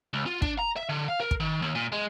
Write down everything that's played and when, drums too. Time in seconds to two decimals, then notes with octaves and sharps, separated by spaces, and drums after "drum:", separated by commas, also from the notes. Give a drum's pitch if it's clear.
0.14 C#2
0.26 F4
0.42 D4, drum: kick
0.59 A#5
0.76 E5
0.89 D3
1.08 F5
1.20 A#4
1.31 drum: kick
1.40 D#3
1.62 D#2
1.75 A#2
1.92 G#3